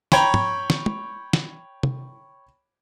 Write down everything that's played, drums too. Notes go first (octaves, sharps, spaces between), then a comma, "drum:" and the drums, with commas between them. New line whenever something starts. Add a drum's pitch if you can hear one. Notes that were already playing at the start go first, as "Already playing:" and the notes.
C#5 G5 A#5 B5 C#6, drum: snare
drum: tom
drum: snare
drum: tom
drum: snare
drum: tom